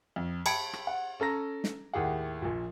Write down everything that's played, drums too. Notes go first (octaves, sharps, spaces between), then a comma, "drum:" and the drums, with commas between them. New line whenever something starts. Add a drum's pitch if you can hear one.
F2
G5 A5 B5 G#6 C#7 D7, drum: cymbal
drum: rim click
F#5
C#4 A4 A#5 A#6
drum: snare
D#2 A2 G4 G#4 F#5
A#1 A#2